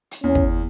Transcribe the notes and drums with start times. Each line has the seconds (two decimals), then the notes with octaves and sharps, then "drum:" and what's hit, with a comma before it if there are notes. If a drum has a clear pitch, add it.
0.11 drum: hi-hat
0.24 E2 C#4
0.35 drum: kick